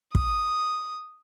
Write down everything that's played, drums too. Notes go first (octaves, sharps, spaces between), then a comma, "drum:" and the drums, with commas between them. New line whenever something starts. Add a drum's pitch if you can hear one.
D#6, drum: kick